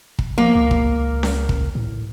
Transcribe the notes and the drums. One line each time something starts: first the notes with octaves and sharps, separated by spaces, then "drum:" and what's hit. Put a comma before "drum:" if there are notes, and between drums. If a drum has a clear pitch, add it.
drum: kick
F3 A#3
C#2
drum: kick
drum: snare C#4
drum: kick
A2